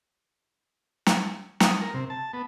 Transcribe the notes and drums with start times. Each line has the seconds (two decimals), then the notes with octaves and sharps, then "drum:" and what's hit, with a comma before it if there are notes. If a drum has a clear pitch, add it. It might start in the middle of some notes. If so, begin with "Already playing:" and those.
1.06 drum: snare
1.60 D#6, drum: snare
1.82 A#4
1.94 C3
2.10 A5
2.34 B3